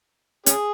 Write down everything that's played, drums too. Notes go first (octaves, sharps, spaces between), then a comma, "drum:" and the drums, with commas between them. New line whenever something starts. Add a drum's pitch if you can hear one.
C#4 G#4, drum: hi-hat